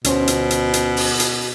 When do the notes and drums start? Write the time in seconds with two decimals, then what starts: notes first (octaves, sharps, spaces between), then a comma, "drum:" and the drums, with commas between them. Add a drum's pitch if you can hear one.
0.04 D2 B2 C#4 C5, drum: hi-hat
0.27 drum: hi-hat
0.51 drum: hi-hat
0.74 drum: hi-hat
0.97 drum: open hi-hat
1.20 drum: hi-hat